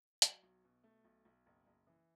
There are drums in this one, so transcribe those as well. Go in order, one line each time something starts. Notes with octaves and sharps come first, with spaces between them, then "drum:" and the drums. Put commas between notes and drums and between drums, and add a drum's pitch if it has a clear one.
F#3, drum: hi-hat
B1
B2
A3
B1
B1
F#1
F#1
E3